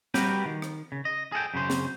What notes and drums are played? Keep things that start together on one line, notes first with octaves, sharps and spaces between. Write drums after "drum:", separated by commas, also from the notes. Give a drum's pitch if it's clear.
G3 F#4 G4 A#4 B4 G5, drum: snare C4
D#3
drum: rim click
C#3
D#5
G#4 A4 F#5 G5
F#2 C#3 C5
drum: snare C4